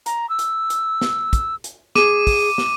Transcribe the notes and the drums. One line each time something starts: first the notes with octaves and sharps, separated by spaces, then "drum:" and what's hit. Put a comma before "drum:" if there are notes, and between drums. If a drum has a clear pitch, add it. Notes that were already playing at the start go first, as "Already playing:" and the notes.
A#5, drum: hi-hat
E6
drum: hi-hat
drum: hi-hat
drum: snare
drum: kick, hi-hat
drum: hi-hat
G#4 D6 D#7, drum: snare
drum: kick, open hi-hat
drum: snare